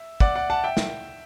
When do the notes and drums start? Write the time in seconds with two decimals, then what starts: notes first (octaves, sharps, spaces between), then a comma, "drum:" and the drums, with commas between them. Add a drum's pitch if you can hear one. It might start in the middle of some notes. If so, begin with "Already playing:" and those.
Already playing: E5
0.20 D5 F#5, drum: kick
0.35 D5 F#5
0.50 F#5 A5
0.64 E5 G5
0.77 drum: snare